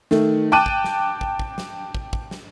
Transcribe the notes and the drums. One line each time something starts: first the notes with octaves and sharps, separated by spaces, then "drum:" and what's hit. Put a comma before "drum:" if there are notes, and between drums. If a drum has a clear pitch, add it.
D#3 A3, drum: snare
G5 A5 D6 F#6 D#7
drum: kick
drum: snare
drum: kick
drum: kick
drum: snare
drum: kick
drum: kick
drum: snare